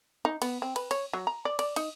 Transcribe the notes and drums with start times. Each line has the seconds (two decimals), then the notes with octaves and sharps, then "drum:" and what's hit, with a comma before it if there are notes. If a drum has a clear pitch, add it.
0.25 D#4
0.42 B3, drum: cymbal
0.62 C4
0.76 B4, drum: cymbal
0.91 C#5, drum: cymbal
1.13 F#3
1.27 A#5
1.45 D5
1.59 D5, drum: cymbal
1.76 D#4, drum: cymbal